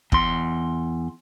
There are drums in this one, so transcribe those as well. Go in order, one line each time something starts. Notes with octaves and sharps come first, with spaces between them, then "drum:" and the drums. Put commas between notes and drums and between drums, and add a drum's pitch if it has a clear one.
E2 C6, drum: kick